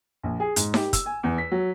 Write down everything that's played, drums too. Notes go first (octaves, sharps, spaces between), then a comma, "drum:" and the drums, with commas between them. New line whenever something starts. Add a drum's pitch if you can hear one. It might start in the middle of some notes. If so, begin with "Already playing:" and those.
A#1
G#4
G#2, drum: hi-hat
G4, drum: snare D#4
E6, drum: kick, hi-hat
G#5
E2
B6
F#3